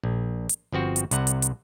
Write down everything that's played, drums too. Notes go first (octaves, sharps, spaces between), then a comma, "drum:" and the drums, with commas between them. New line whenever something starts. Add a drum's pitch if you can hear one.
A#1
drum: hi-hat
G1 F3 C4 F#4
drum: hi-hat
C2 C3 F#5, drum: hi-hat
drum: hi-hat
drum: hi-hat